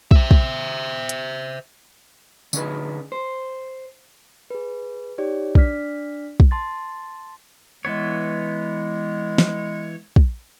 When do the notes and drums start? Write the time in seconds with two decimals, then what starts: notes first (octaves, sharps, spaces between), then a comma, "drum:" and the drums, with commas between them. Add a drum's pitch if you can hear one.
0.11 C5 E5, drum: kick
0.31 drum: kick
1.09 drum: hi-hat
2.53 D3 C#4 D#4 G#4 B4, drum: tambourine
3.12 C5
4.50 G#4 B4
5.18 D#4 G4 C#5 D5
5.55 D4 D5 F6 B6, drum: kick
6.40 drum: kick
6.51 A5 C6 A6
7.85 E3 G#3 B3 C#5
9.38 drum: snare
10.16 drum: kick